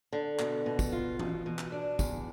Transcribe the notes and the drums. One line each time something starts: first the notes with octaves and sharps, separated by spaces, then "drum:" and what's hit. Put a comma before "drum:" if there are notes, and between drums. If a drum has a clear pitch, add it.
D3
B2, drum: clap
B2
drum: kick, tambourine
F4
B2, drum: tom E3
B2
drum: clap
D4
E2, drum: kick, tambourine